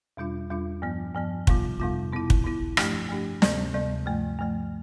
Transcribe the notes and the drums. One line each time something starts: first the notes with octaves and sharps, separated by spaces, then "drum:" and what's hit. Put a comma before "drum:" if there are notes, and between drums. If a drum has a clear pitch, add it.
E2 B2 G3 D4 F4
E2 B2 G3 D4 F4
G2 F3 B3
G2 F3 B3
F2 C3 G3 B3 F4, drum: kick
F2 C3 G3 B3 F4
B2 B3 E4
drum: kick
B2 B3 E4
G2 F3 A3 D4 G4, drum: rim click
G2 F3 A3 D4 G4
D2 C3 G3 B3, drum: snare
D2 C3 G3 B3
G2 F3 A3
G2 F3 A3